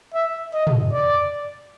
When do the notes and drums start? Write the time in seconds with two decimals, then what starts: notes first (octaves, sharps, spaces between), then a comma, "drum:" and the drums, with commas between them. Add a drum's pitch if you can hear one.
0.14 E5
0.53 D#5
0.67 drum: tom
0.92 D5